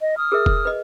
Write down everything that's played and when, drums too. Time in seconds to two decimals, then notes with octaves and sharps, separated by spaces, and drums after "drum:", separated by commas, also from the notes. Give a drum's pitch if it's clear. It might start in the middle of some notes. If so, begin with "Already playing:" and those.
0.02 D#5
0.17 D#6 F6
0.32 G#4 A#4 E5
0.46 drum: kick E1
0.65 B4 D#5